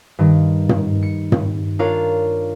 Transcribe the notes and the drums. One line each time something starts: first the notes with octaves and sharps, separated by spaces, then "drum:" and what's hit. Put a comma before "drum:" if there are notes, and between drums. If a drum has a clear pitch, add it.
G2 D#3
drum: tom
C#7
drum: tom
D4 F4 A#4 C#5 F5